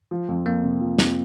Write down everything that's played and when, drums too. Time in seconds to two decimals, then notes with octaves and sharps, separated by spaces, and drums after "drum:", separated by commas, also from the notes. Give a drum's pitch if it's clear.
0.11 F3
0.29 F2
0.46 F2 A#3
0.63 C3
0.81 F3
0.99 F2, drum: snare